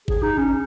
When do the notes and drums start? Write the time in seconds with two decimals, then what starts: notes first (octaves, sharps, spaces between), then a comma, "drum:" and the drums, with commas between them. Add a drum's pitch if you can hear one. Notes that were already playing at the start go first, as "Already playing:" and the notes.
0.08 G#4, drum: kick G1
0.23 D#4
0.38 C#4